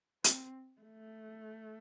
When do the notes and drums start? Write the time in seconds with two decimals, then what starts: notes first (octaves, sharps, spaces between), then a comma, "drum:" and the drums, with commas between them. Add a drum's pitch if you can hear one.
0.24 C4, drum: hi-hat
0.81 A3